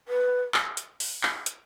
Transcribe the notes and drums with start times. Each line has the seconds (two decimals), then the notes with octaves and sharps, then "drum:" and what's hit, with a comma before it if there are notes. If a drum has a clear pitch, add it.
0.08 B4
0.54 drum: clap
0.77 drum: hi-hat
1.00 drum: open hi-hat
1.23 drum: clap
1.46 drum: hi-hat